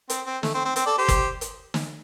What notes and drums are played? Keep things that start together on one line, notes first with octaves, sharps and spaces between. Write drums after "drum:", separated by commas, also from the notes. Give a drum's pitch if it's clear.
C4, drum: hi-hat
C4
A3, drum: snare
C4
C4
C4, drum: hi-hat
A4 D5
G4 C5
drum: kick, hi-hat
drum: hi-hat
drum: snare